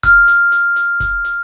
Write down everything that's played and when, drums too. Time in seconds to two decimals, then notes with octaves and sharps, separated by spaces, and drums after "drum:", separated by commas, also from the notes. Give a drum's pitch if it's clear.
0.03 F6, drum: kick F1, hi-hat
0.28 drum: hi-hat
0.52 drum: hi-hat
0.76 drum: hi-hat
1.00 drum: kick F1, hi-hat
1.24 drum: hi-hat